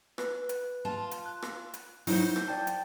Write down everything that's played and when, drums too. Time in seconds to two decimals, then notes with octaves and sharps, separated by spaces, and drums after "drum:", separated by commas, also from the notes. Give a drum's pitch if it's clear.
0.18 B4, drum: rim click
0.49 drum: hi-hat
0.85 F4 A5
1.11 drum: hi-hat
1.26 F#6
1.42 drum: rim click
1.74 drum: hi-hat
2.07 F#3 D#4 E4 G#4 C5, drum: open hi-hat
2.23 G6
2.36 drum: rim click
2.48 D5 G5 A5
2.67 drum: hi-hat